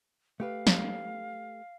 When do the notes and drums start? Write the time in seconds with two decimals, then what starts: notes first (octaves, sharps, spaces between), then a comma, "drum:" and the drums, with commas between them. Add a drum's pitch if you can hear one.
0.40 A3 G4 B4 F5
0.67 drum: snare